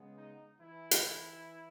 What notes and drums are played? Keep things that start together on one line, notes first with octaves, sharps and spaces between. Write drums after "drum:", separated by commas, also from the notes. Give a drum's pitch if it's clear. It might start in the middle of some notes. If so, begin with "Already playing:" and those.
Already playing: C#3 G#3 B3
D#4
E3 E4
drum: hi-hat